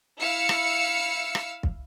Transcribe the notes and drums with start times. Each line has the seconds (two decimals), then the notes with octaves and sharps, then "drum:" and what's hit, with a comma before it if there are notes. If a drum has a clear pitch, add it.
0.20 E4 F5 E6 C#7
0.49 drum: rim click
1.35 drum: rim click
1.63 drum: kick